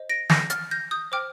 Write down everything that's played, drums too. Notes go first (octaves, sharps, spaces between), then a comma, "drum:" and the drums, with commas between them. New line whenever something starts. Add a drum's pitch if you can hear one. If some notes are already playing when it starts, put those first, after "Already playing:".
Already playing: C5 D#5
A#6 D7
G6 A#6, drum: snare
F6 A6, drum: hi-hat
G6 A#6
D#6 G6
C5 G5 D6 F6